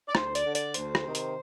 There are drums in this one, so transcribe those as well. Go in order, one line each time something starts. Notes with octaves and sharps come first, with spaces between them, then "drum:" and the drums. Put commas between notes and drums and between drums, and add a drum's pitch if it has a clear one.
D5
D2 C5, drum: rim click
D5, drum: hi-hat
D3
D5, drum: hi-hat
D2 C5, drum: hi-hat
drum: rim click
C3 D#3
drum: hi-hat